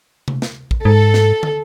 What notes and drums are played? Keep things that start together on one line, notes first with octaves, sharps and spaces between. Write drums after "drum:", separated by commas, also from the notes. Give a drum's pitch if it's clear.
drum: tom C3
drum: snare
drum: kick
G#2 A4
drum: snare
drum: tom